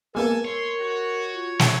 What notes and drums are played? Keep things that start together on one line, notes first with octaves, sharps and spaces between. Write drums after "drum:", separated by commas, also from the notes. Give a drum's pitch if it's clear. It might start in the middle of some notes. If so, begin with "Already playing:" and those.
G#3 A#3 B3 A4 A#4 G#5
C#5 C6
F#4
F4
drum: snare